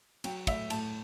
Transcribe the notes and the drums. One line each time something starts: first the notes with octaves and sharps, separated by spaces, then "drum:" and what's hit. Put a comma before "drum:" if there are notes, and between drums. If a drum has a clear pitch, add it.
F#3 G5, drum: cymbal
A2 E5, drum: kick, cymbal
A2 A5, drum: cymbal